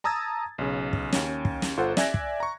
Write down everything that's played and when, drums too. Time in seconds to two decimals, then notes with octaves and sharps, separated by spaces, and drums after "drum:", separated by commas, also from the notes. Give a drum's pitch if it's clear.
0.04 A5 A#5 D#6 E6 G#6 A6
0.58 B1 C#3
0.93 drum: kick
1.12 D#2 C#4, drum: snare
1.45 drum: kick
1.62 drum: snare
1.77 G1 F4 A4 C5 F#5
1.97 D5 E5 G#5 F#6 G#6 A#6, drum: snare
2.14 drum: kick
2.40 A#5 C#6